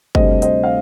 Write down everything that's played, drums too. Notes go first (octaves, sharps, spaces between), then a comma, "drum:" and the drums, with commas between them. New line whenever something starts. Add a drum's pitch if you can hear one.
D2 C3 G3 D4 C5 D#5, drum: kick F#1
C5 D#5, drum: hi-hat
F5